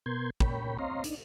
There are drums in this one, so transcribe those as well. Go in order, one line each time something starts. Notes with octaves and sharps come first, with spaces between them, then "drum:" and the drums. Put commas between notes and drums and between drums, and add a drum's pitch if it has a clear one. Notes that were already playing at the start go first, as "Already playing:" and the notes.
B2 B3 A#4 C6 G6 G#6
A#2 A#4 C#5 G5 B5, drum: kick
C4 C#5 D#5 F5 A#5 C6
D4 D#4, drum: hi-hat